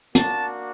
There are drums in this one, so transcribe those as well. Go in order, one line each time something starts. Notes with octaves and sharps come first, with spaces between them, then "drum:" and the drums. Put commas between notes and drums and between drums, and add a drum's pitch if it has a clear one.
A#3 D4 F#4 A5, drum: hi-hat